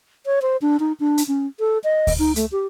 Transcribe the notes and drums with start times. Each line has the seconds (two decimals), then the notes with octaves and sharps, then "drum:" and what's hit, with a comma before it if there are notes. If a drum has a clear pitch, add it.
0.26 C#5
0.42 C5
0.62 D4
0.80 D#4
1.00 D4
1.18 drum: hi-hat
1.28 C#4
1.60 A4
1.84 D#5
2.07 drum: kick D2, open hi-hat
2.19 D#4
2.36 A3, drum: hi-hat
2.52 G4